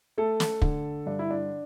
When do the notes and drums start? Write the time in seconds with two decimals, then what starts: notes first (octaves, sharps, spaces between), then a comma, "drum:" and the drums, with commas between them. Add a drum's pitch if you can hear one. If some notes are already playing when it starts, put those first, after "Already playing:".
0.18 A3 A4
0.40 drum: snare
0.62 D3, drum: kick
1.06 G2 D4
1.19 E4
1.31 D4